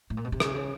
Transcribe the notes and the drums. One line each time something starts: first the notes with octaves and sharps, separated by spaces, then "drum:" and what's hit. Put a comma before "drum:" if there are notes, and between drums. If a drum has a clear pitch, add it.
A2
A#2
B2
C3
C#3, drum: rim click
C3
C#3